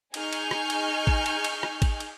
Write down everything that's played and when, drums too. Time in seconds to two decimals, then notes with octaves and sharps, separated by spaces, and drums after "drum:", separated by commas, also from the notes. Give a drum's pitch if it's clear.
0.14 D#4 G#4 G#5 C#6 F6 G6, drum: cymbal
0.33 drum: cymbal
0.51 drum: rim click
0.70 drum: cymbal
1.07 drum: kick A1
1.26 drum: cymbal
1.44 drum: cymbal
1.63 drum: rim click
1.82 drum: kick A1, cymbal
2.00 drum: cymbal